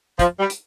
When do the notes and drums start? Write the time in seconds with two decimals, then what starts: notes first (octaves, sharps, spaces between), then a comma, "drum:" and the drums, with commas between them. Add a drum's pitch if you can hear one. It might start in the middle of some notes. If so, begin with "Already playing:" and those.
0.19 F3, drum: kick, hi-hat
0.40 G3
0.50 drum: hi-hat